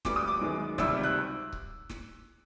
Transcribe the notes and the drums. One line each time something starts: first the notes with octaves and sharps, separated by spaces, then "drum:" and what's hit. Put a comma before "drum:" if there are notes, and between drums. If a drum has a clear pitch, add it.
D2 D3 G3 B3 D6, drum: snare
D#6
D6
F#2 D#3 G#3 B3
C#2 C3 D#3 G3 E6, drum: snare
F#6
drum: kick C#1
drum: snare